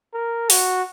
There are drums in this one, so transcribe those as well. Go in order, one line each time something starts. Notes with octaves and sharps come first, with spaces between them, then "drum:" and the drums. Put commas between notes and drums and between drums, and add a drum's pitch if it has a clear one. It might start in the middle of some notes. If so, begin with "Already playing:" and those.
A#4
F#4, drum: open hi-hat